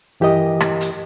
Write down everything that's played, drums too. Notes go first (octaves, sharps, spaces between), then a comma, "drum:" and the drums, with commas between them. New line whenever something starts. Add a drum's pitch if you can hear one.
G2 E3 G4 A#4 D#5 D#6
drum: rim click
drum: hi-hat